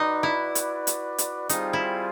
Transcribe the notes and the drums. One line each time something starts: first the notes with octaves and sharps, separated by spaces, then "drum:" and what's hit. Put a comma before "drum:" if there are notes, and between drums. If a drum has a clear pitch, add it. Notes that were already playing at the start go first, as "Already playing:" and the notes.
Already playing: D#4 F#4 B4 D5
E4
drum: hi-hat
drum: hi-hat
drum: hi-hat
G3 C4 D#4 F4 G#4 C5, drum: hi-hat
E4